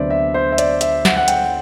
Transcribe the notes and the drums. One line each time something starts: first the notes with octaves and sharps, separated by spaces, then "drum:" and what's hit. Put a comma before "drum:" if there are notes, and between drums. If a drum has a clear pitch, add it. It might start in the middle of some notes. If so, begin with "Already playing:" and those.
Already playing: D2 C3 F#3 B3 D4 C5 D5 E5
E5
C5
E5
D5, drum: hi-hat
E5, drum: hi-hat
F#5, drum: snare
F#5
G5, drum: hi-hat